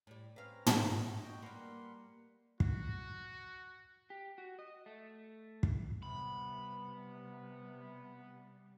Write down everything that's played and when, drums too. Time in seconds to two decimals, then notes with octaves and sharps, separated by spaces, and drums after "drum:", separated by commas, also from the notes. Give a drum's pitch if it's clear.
0.07 A2 G3
0.36 C4 C#4 B4 F5 A#5
0.66 drum: tom
1.23 F#4 D#5 G5
1.42 G3 A#3 B4 F#5 C6
2.60 F#4, drum: kick
4.10 G4
4.38 F#4
4.59 D#5
4.86 A3
5.63 drum: kick
6.03 C3 G3 B3 B5